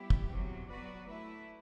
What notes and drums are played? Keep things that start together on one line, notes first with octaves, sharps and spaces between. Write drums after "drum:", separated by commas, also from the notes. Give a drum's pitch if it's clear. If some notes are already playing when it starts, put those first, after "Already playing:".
Already playing: G3 B3 E4 G4
drum: kick
E2 C3 F#3
F#3 B3 F#4 B4 D5
A3 E4 B4 E5